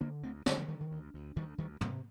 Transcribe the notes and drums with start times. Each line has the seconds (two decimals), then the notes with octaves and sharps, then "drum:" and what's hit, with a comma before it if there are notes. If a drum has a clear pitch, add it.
0.01 D3 A#3 D4
0.23 D2 A3 C4
0.46 D3 G3 A#3, drum: snare
0.58 F3 A3
0.68 D3 D#3 G3
0.81 D#3
0.91 D2
1.14 D2
1.36 D2 D#3 G3
1.58 D2 D#3 G3
1.81 C3 G3 A#3, drum: tom